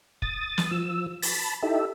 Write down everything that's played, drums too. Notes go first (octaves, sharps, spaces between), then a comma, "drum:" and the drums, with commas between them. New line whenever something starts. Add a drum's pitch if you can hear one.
D#6 A6, drum: kick
drum: snare
F3 E6
A5 B5, drum: open hi-hat
D#4 E4 G4 A4 E5